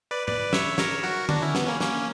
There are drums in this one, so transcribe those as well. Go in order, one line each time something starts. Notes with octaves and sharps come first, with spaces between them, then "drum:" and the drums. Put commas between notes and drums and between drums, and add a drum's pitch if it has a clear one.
B4 D5
B4 D5, drum: tom G#2
C#5 E5, drum: snare
A#4 C#5, drum: snare
F#4 A#4
D4 F#4, drum: tom
C#4 E4
B3, drum: snare
A#3 C#4
A#3 C#4, drum: snare